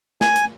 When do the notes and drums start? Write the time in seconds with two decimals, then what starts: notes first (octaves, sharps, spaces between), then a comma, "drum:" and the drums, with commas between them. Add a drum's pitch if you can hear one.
0.21 G#5, drum: snare
0.36 drum: hi-hat